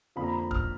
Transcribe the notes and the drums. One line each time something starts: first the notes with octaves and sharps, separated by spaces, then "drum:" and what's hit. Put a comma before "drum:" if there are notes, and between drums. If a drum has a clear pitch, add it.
F2 D3 F3 A#3 B5
A#5
B5
F6, drum: kick